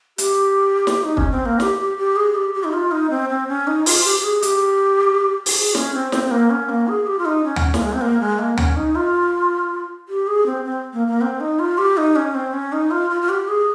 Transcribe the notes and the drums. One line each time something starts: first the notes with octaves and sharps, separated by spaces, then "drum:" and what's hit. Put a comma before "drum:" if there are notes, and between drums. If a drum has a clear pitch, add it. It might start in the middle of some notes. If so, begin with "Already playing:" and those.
G4, drum: hi-hat
drum: snare
D#4
C#4, drum: kick
C4
A#3
G4, drum: snare
G4
G4
G#4
G4
G4
D#4
F4
D#4
C4
C4
C#4
D#4
F4, drum: open hi-hat
G4
G4
G#4
G4, drum: hi-hat
drum: open hi-hat
G#4
C#4, drum: snare
C4
C4, drum: snare
C4
A#3
C#4
A#3
G#4
G4
F4
D#4
C#4
drum: tom D2
A#3, drum: snare
G#3
C4
A#3
G#3
A#3
C#4, drum: tom D2
D#4
F4
G4
G#4
C4
C4
A#3
A#3
C4
D#4
F4
G4
D#4
C#4
C4
C#4
D#4
F4
F4
F4
G4
G#4